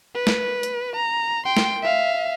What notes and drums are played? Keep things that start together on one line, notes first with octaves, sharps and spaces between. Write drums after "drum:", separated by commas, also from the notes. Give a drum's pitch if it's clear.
B4
drum: snare
drum: hi-hat
A#5
G5 C6
drum: snare
E5 F5